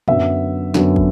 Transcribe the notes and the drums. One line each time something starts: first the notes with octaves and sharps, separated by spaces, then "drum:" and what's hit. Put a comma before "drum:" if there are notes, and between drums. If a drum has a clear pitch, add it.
F#2 D3 F#3 B3 E5, drum: tom A2
F#2 D3 F#3 B3, drum: snare
drum: kick